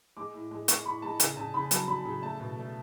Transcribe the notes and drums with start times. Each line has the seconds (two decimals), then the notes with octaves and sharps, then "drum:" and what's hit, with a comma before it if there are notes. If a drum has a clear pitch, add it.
0.17 G#3 D6
0.34 A2
0.51 G#3
0.68 G#3 C#6, drum: hi-hat
0.85 A2 B5
1.02 G#3 A5
1.20 C#3 G#5, drum: hi-hat
1.37 C#3 A5
1.54 C#3 B5
1.71 F#3 A5, drum: hi-hat
1.88 F#3 B5
2.05 C#3
2.22 A3 A5
2.40 B2
2.57 A3